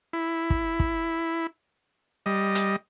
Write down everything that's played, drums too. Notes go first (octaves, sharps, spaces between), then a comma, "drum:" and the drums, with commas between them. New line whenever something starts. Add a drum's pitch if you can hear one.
E4
drum: kick
drum: kick
G3 D#5
drum: hi-hat